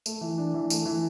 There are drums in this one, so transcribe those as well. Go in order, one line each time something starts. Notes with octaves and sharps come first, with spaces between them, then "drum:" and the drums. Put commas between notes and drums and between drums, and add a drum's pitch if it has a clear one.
A3, drum: tambourine
E3
D4
E3
A3, drum: tambourine
E3